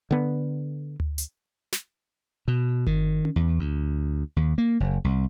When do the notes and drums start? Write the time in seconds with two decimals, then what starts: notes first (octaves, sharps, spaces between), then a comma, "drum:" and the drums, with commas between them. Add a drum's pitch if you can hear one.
0.11 D3 B3
1.00 drum: tom D2
1.18 drum: hi-hat
1.72 drum: snare
2.48 B2
2.87 D#3, drum: kick G1
3.25 drum: tom C#4
3.36 E2
3.59 D2
4.36 D#2
4.58 A#3
4.80 F#1
5.04 C2